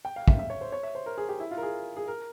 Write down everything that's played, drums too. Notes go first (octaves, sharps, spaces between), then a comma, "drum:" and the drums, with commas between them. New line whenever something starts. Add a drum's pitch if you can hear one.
G5
F5
E5, drum: kick
E5
C#5
C5
C#5
E5
C5
A#4
G#4
G4
E4
F4
A#4
G#4
G#4
A#4